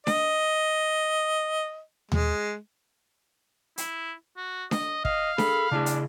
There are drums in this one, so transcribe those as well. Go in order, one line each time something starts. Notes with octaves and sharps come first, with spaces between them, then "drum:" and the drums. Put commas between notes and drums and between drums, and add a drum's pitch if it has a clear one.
D#5, drum: snare D4
G#3, drum: tom D#2
E4, drum: hi-hat
F#4
D#5, drum: snare D4
D#5 F5, drum: kick
G#4 A4 B5, drum: snare D4
C#3 D4 E4 G#4
drum: hi-hat